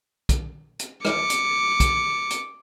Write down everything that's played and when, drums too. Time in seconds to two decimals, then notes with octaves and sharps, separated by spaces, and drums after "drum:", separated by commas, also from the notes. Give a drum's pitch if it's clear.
0.29 drum: kick, hi-hat
0.79 drum: hi-hat
1.05 D6 C#7, drum: rim click
1.30 drum: hi-hat
1.80 drum: kick, hi-hat
2.30 drum: hi-hat